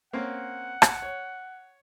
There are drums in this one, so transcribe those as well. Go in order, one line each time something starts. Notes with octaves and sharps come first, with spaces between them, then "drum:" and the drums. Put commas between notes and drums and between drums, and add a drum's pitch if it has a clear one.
A#3 C4 C#4 F#5
drum: rim click
C#5